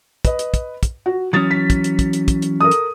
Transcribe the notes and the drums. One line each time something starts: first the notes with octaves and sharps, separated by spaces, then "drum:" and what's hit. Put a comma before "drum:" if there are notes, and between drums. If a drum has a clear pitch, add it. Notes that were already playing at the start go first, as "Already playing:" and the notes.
B4 D#5, drum: kick, hi-hat
drum: hi-hat
drum: kick, hi-hat
drum: kick, hi-hat
F#4
E3 F#3 C#4 D#6 A6
B6
drum: kick, hi-hat
drum: hi-hat
drum: kick, hi-hat
drum: hi-hat
drum: kick, hi-hat
drum: hi-hat
A4 A#4 D#6
drum: hi-hat